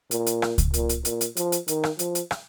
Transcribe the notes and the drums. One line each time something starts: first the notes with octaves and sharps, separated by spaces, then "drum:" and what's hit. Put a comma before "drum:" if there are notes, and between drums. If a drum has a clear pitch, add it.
A#2, drum: hi-hat
drum: hi-hat
drum: rim click
drum: kick C#2, hi-hat
A#2, drum: hi-hat
drum: hi-hat
A#2, drum: hi-hat
drum: hi-hat
F3, drum: hi-hat
drum: hi-hat
D#3, drum: hi-hat
drum: rim click
F3, drum: hi-hat
drum: hi-hat
drum: rim click